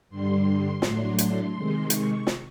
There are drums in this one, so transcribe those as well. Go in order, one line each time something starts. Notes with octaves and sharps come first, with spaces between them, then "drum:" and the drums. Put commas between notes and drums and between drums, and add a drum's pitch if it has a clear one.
G2 D3 G3 C6
A2 F#3 A3 D4, drum: snare
C6, drum: hi-hat
C3 D#3 G#3
C#6, drum: hi-hat
drum: snare